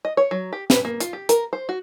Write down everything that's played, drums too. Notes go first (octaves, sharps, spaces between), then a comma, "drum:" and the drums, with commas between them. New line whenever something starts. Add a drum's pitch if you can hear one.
D#5
C#5
F#3
G4
B4, drum: snare
A#3
F4, drum: hi-hat
G4
A#4, drum: hi-hat
C5
F#4